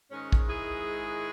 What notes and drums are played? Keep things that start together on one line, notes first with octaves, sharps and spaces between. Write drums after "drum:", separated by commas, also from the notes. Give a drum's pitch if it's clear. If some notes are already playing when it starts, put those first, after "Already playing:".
G#2 D#3 G#3 C#4
drum: kick
E4 G#4